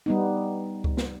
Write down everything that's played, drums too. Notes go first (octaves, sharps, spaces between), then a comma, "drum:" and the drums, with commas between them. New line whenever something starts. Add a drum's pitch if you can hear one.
G3 B3 D#4
drum: kick C#2
drum: snare